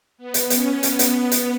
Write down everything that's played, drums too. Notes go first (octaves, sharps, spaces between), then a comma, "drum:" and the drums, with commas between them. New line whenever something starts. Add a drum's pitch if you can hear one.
B3
drum: hi-hat
C#4, drum: hi-hat
B3, drum: hi-hat
drum: hi-hat
B3
drum: hi-hat